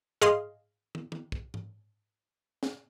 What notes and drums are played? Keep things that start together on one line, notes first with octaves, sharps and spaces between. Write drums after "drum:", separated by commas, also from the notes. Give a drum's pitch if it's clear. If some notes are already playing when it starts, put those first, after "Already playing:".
G#4 D#5 F5 C6, drum: tom G#2
drum: tom
drum: tom
drum: kick
drum: tom G#2
drum: snare